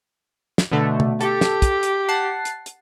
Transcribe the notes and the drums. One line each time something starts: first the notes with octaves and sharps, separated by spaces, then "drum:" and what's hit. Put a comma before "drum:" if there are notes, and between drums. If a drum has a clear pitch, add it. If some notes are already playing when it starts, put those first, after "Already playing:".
drum: snare
B2 D3 A3
drum: tom
G4 A4, drum: hi-hat
drum: snare
drum: kick, hi-hat
drum: hi-hat
F#5 A5 C7
drum: hi-hat
drum: hi-hat